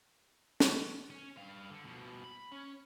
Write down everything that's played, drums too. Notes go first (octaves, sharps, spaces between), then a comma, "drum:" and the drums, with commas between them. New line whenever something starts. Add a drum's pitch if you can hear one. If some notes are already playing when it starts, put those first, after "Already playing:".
drum: snare
C#4
G2 F5
D3
B2 F3
B5
C#4